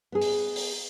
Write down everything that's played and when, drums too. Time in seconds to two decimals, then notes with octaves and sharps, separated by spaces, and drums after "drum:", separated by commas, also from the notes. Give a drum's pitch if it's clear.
0.12 B3 G#4
0.22 drum: open hi-hat
0.56 drum: open hi-hat